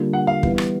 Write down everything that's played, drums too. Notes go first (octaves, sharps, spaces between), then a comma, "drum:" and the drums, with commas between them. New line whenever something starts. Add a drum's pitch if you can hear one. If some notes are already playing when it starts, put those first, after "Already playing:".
Already playing: D3 G3 A#3 D4 F4
F#5
F5
E3 G3 B3 E4, drum: kick
drum: rim click